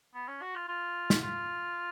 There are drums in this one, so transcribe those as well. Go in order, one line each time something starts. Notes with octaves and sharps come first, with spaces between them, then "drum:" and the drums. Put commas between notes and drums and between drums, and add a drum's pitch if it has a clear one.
B3
C#4
F#4
F4
F4
drum: snare
F4